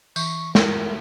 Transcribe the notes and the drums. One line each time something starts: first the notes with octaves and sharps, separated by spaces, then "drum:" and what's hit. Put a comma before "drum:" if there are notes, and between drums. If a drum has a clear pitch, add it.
E3 C#6, drum: tambourine
G#3 A#4, drum: snare